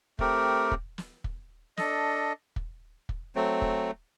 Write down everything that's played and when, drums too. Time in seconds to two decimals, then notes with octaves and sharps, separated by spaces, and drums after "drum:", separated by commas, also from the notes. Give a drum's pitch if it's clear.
0.19 A3 C4 G4 A#4, drum: kick
0.72 drum: kick
0.98 drum: snare
1.24 drum: kick
1.77 D4 A4 D#5, drum: snare
2.56 drum: kick
3.09 drum: kick
3.35 F#3 A3 C4
3.62 drum: kick